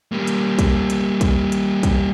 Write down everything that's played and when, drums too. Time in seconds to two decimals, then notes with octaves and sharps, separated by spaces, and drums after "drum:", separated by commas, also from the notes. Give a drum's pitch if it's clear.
0.12 G3 A#3
0.27 drum: hi-hat
0.59 drum: kick, hi-hat
0.90 drum: hi-hat
1.21 drum: kick, hi-hat
1.52 drum: hi-hat
1.83 drum: kick, hi-hat